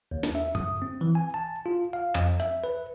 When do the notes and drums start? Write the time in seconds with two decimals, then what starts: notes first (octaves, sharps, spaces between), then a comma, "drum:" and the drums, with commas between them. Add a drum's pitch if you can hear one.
0.11 D#2
0.23 drum: snare
0.35 E5
0.55 D#6, drum: tom F#2
0.82 C4
1.01 E3
1.15 G#5
1.34 A5
1.66 F4
1.93 F5
2.15 F2, drum: clap
2.40 E5, drum: rim click
2.64 B4